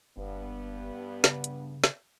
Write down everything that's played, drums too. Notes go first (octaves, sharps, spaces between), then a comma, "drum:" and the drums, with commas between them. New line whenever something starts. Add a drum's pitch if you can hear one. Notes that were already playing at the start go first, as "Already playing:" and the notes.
F#1 G2 B3
C#3, drum: snare
drum: hi-hat
drum: snare